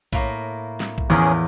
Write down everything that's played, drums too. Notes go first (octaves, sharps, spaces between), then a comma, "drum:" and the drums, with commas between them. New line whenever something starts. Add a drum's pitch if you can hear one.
A2 A#3, drum: kick A#1
drum: snare
drum: kick A#1
E2 A2 F3 C#4 G#4 A#4